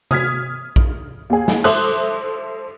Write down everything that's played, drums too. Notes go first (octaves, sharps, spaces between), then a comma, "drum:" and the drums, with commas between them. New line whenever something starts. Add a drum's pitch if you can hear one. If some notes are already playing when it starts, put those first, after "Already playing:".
D#6 F6 G#6 B6, drum: tom C3
drum: kick A#1
D#2 G#4
drum: snare
A4 C5 E5 D6 D#6 F#6, drum: cymbal